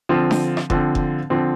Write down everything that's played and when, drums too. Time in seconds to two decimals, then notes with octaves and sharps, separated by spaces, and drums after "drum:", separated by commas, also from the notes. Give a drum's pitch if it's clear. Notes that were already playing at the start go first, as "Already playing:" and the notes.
0.09 D3 F3 C4
0.31 drum: snare D4
0.57 drum: rim click
0.70 D3 F3 C4, drum: kick F1
0.95 drum: kick F1
1.30 D3 F3 C4